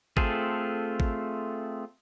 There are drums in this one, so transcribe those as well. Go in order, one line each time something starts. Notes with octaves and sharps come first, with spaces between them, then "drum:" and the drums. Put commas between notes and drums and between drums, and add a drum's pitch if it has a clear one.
A3 C4 F4 G#4 A4, drum: kick G#1
drum: kick G#1